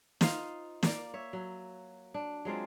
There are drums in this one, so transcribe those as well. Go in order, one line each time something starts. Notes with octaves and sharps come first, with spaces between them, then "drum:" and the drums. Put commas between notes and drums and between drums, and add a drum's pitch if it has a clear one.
D#4 F4 C5 F5, drum: snare
A#3 D5, drum: snare
C#5 E5
F#3
D4
F#3 G#3 C4 F4